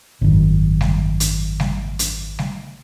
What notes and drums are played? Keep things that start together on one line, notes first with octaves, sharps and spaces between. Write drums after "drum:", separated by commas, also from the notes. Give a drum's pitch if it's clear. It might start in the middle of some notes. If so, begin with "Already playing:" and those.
G#1 F#2 D3 D#3
drum: snare G3
drum: hi-hat
drum: snare G3
drum: hi-hat
drum: snare G3